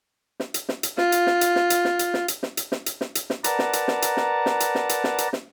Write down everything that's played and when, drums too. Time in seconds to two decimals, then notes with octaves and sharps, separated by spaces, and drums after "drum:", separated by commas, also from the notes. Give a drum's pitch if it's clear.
0.40 drum: snare
0.54 drum: hi-hat
0.69 drum: snare
0.83 drum: hi-hat
0.98 F4, drum: snare
1.12 drum: hi-hat
1.27 drum: snare
1.41 drum: hi-hat
1.56 drum: snare
1.70 drum: hi-hat
1.85 drum: snare
1.99 drum: hi-hat
2.14 drum: snare
2.28 drum: hi-hat
2.43 drum: snare
2.57 drum: hi-hat
2.72 drum: snare
2.86 drum: hi-hat
3.01 drum: snare
3.15 drum: hi-hat
3.30 drum: snare
3.44 A#4 B4 D5 F#5 A5 A#5, drum: hi-hat
3.59 drum: snare
3.73 drum: hi-hat
3.88 drum: snare
4.02 drum: hi-hat
4.17 drum: snare
4.46 drum: snare
4.60 drum: hi-hat
4.75 drum: snare
4.89 drum: hi-hat
5.04 drum: snare
5.18 drum: hi-hat
5.33 drum: snare